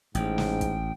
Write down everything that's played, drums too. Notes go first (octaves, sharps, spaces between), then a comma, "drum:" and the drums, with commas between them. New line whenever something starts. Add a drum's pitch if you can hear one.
A1 G#2 G5, drum: hi-hat
drum: snare
drum: kick, hi-hat